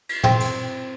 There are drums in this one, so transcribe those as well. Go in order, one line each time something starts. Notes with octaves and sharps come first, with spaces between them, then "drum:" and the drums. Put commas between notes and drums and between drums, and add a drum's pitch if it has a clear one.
drum: cymbal
C4, drum: tom
drum: cymbal